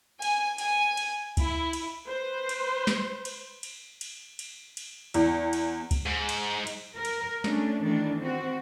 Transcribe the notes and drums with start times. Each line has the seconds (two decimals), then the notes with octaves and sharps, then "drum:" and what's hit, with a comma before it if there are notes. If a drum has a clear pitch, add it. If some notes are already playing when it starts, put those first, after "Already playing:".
0.22 G#5, drum: cymbal
0.58 G#5, drum: cymbal
0.97 drum: cymbal
1.37 E4, drum: kick C2, cymbal
1.73 drum: cymbal
2.06 B4 C5
2.49 drum: cymbal
2.87 drum: snare
3.25 drum: cymbal
3.63 drum: cymbal
4.01 drum: cymbal
4.39 drum: cymbal
4.77 drum: cymbal
5.14 E2, drum: cymbal
5.53 drum: cymbal
5.91 drum: kick C2, cymbal
6.06 G#2
6.29 drum: cymbal
6.67 drum: cymbal
6.96 A#4
7.05 drum: cymbal
7.44 A3 C#4 D4, drum: snare
7.81 D#3 E3 A3 D4
8.19 C4 F#4